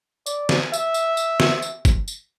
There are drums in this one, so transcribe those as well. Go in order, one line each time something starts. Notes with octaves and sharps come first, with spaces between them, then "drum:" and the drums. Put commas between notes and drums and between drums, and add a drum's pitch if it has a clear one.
D5, drum: tambourine
drum: snare
E5, drum: tambourine
drum: tambourine
drum: tambourine
drum: snare
drum: tambourine
drum: kick, tambourine
drum: tambourine